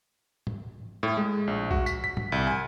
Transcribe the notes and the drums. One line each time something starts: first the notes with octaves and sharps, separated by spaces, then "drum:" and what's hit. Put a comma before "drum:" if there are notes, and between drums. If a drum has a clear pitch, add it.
drum: tom
A2
G#3
A#1
F#4, drum: kick A#1
B6, drum: tambourine
B6
drum: tom
C2
G#5